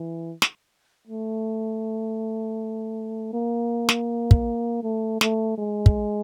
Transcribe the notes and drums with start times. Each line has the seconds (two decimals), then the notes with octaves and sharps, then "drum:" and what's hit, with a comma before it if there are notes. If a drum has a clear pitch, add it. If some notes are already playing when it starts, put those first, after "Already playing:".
Already playing: E3
0.42 drum: snare
1.07 A3
3.33 A#3
3.89 drum: snare
4.31 drum: kick
4.83 A3
5.21 A3, drum: snare
5.58 G#3
5.86 drum: kick